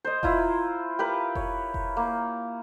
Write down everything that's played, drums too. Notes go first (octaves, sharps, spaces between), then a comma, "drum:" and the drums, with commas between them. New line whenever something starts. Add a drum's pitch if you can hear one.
C5 D#5
E4 F4 A#5, drum: kick F1
G4 A#4 B4
C#5, drum: kick F1
drum: kick F1
A#3